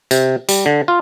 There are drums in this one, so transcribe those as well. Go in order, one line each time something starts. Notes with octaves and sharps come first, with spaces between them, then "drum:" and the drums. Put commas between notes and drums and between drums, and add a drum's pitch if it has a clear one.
C3, drum: tambourine
G3, drum: tambourine
D3
F4